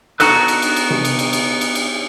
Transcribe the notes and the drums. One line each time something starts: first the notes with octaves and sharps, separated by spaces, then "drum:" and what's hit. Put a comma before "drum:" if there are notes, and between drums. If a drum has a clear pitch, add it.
B3 D4 D#4 F#4 A4 B4, drum: cymbal
drum: cymbal
drum: cymbal
drum: cymbal
drum: tom C3
drum: cymbal
drum: cymbal
drum: cymbal
drum: cymbal
drum: cymbal